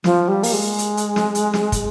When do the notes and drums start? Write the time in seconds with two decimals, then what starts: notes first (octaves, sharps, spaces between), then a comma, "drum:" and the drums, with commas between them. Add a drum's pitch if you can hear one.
0.04 F3, drum: snare
0.28 G3
0.43 A#3, drum: open hi-hat
0.53 G#3
0.79 drum: hi-hat
0.97 drum: hi-hat
1.16 drum: snare
1.35 drum: hi-hat
1.53 drum: snare
1.72 drum: kick, hi-hat